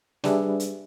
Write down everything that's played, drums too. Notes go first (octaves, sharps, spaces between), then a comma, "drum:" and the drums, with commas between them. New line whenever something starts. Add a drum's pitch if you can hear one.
G3 D4 G4 G#4 B4 E5, drum: snare
drum: hi-hat